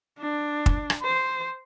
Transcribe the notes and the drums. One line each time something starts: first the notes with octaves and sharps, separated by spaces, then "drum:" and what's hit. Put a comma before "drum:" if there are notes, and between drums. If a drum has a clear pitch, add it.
D4
drum: kick
drum: rim click
C5